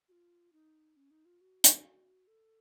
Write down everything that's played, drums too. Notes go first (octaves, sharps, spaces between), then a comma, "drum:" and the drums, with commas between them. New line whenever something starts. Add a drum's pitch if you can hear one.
F#4
F4
D#4
C#4
D#4
F4
F#4
drum: hi-hat
A4